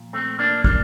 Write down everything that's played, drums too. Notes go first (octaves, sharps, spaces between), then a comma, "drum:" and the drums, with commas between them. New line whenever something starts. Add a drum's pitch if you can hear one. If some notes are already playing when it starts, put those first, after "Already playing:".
Already playing: A#2 F3
A3 C4
A#3 D4
A#3 D4, drum: kick